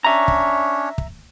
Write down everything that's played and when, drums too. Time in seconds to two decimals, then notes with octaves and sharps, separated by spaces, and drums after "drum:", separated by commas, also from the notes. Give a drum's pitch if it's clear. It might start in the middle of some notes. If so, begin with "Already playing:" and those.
0.04 C#4 D4 C#5 E5 A#5
0.28 drum: kick
0.98 drum: kick